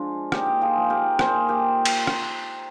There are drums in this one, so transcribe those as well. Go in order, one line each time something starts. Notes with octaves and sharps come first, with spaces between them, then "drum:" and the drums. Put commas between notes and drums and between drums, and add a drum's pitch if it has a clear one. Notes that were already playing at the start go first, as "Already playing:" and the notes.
Already playing: F3 G#3 D4 F4
A#2 D#4 G4, drum: rim click
F4 G#4
F3 G#3
G4 A#4
A#2 G#4 C5, drum: rim click
G4 A#4
drum: cymbal
drum: rim click